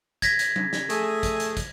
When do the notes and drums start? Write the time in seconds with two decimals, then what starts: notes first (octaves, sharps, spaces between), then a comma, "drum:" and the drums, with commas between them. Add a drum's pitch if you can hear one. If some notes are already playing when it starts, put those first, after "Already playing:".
0.22 G#6 A#6 B6, drum: kick, hi-hat
0.39 drum: hi-hat
0.56 drum: tom F#3
0.73 drum: snare
0.90 A3 G#4, drum: hi-hat
1.23 drum: kick, hi-hat
1.40 drum: hi-hat
1.57 drum: kick, hi-hat